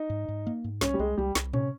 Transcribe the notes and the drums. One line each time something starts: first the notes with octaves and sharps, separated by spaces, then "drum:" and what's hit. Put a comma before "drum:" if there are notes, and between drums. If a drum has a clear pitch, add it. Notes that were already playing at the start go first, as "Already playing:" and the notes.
Already playing: D#4
G#2
G#2
A#3
G#2
C2 C#4, drum: snare
G3
C2 G#3
C2 G3
C2, drum: snare
C3 C#4, drum: tom A2